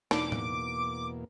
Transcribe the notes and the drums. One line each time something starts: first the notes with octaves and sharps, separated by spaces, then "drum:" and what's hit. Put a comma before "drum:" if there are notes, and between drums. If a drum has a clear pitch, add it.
E2 B2 A#3 D4 D#4 D6, drum: snare
drum: tom A2